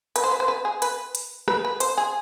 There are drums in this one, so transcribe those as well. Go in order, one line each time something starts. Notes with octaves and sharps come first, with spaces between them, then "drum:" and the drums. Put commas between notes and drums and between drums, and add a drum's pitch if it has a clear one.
B4, drum: hi-hat
C5
B4
C5
B4
G#4
B4, drum: hi-hat
drum: hi-hat
B4, drum: rim click
B4
C5, drum: hi-hat
G#4